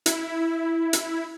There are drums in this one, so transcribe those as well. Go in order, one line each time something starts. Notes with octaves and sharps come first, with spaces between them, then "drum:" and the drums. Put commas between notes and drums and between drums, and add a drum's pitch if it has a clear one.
E4, drum: hi-hat
drum: hi-hat